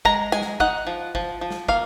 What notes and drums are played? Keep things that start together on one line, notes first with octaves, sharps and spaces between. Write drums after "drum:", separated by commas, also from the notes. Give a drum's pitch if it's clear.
G#3 A#5, drum: kick
G#3 G#5
drum: snare
D#4 F#5, drum: kick
F3
F3, drum: kick
F3
drum: snare
A#3 F5, drum: kick